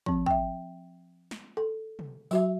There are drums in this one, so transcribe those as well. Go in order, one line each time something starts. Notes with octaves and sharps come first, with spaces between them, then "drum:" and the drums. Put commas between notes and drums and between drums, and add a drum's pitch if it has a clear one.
F3 C4, drum: kick
E5 G5, drum: kick
drum: snare
A4
drum: tom
F#3 F#4 E5, drum: tambourine